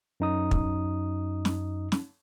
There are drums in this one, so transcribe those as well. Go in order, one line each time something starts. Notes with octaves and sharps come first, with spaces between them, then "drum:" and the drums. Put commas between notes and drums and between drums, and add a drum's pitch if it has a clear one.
F#2 D#4 D#6
drum: kick
drum: snare
drum: snare